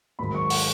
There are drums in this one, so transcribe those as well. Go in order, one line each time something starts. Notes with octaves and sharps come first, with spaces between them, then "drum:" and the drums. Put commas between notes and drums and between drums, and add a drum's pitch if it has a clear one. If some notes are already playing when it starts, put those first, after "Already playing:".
G#2 D#3 F#3 B5
C#6
F#5, drum: open hi-hat